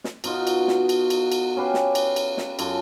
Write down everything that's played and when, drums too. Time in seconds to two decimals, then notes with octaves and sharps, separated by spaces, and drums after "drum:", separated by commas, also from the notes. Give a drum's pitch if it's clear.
0.04 drum: snare
0.24 B2 D#4 F4 F#4, drum: cymbal
0.47 drum: cymbal
0.68 drum: snare
0.89 drum: cymbal
1.10 drum: cymbal
1.32 drum: cymbal
1.57 C#4 G4 B4 F5
1.74 drum: snare
1.95 drum: cymbal
2.16 drum: cymbal
2.38 drum: snare
2.59 F#2 F4 A4, drum: cymbal